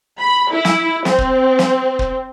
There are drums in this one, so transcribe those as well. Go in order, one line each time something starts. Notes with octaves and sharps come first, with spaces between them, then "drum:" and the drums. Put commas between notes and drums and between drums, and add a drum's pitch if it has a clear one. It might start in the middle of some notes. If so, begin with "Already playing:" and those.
B5
E4
drum: snare
C4, drum: snare
drum: kick
drum: snare
drum: kick